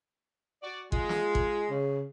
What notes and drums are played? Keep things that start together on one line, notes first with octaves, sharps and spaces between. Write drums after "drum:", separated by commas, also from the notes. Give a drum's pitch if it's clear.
F#4 D5
G#3 F4, drum: kick
drum: snare
drum: kick
C#3